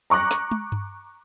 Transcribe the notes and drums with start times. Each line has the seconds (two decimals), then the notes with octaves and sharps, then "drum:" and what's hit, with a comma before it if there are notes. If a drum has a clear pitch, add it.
0.10 A#5 C#6 D6 F#6 A#6
0.31 drum: snare
0.51 drum: tom
0.72 drum: tom G2